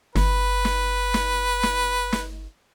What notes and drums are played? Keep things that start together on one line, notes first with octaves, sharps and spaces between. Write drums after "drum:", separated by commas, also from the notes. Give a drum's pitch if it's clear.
G1 B4, drum: snare
drum: snare
drum: snare
drum: snare
drum: snare